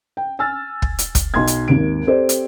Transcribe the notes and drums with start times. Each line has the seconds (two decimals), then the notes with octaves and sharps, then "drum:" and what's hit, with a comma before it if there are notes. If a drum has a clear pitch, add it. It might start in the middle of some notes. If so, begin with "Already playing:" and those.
0.17 G5
0.39 G#5 E6 F6 A6
0.82 drum: kick
0.99 drum: hi-hat
1.15 drum: kick, hi-hat
1.34 B1 C6 G#6
1.47 drum: hi-hat
1.68 G#1 D#2 D7
2.07 C4 G4 A4 C5 D5
2.29 drum: hi-hat